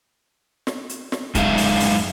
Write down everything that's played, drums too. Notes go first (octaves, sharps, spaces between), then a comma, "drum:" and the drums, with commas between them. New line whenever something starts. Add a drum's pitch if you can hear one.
drum: snare
drum: hi-hat
drum: snare
F#2 G#3 D#4 E5 F5, drum: kick, hi-hat
drum: open hi-hat
drum: open hi-hat